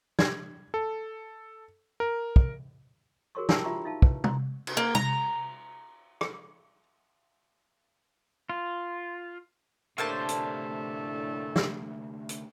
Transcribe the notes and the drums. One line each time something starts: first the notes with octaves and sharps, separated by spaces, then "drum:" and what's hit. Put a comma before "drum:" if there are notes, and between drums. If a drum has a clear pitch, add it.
G#6, drum: snare
A4
A#4
drum: kick
F#4 G#4 A#4 C#5 C6 C#6
E4 G5 A5 A#5 E6, drum: snare
F4 G4 E5 A#5 C6 C#6
D#4 E5 F5 A5
B4, drum: kick
D5 A#5 C6, drum: tom
drum: cymbal
A#3
A#5, drum: tom
drum: rim click
F4
D2 A2 C3 A3 A#3 D4 C5 A5
drum: hi-hat
drum: snare
drum: hi-hat